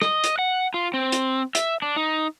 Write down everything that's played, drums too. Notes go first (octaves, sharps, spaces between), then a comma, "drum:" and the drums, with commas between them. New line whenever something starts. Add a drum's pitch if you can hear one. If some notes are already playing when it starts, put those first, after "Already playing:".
D#5, drum: rim click
drum: hi-hat
F#5
F4
C4
drum: hi-hat
E5, drum: hi-hat
D4
D#4